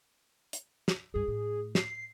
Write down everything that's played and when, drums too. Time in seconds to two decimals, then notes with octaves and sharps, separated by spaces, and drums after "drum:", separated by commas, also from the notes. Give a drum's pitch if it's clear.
0.53 drum: hi-hat
0.88 drum: snare
1.14 C2 G2 G#4
1.28 A2
1.75 C7, drum: snare